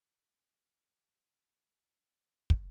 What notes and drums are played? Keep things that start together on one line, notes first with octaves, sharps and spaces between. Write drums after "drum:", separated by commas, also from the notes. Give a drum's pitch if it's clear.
F#3 C5
drum: kick